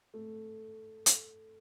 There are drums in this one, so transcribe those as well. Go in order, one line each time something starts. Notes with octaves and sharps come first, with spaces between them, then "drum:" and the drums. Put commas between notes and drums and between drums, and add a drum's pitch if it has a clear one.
A3
drum: hi-hat